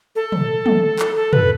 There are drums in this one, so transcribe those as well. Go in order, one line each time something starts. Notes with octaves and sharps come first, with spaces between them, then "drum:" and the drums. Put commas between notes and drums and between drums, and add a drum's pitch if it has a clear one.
A4
drum: tom
drum: tom
drum: clap
A4
B4, drum: tom